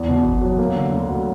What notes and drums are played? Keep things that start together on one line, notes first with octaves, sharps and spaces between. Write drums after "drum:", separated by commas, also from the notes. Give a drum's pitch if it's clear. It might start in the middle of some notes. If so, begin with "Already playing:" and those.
Already playing: E2
B2
E2, drum: kick G1
F#3
A#3
D3
D2
F#3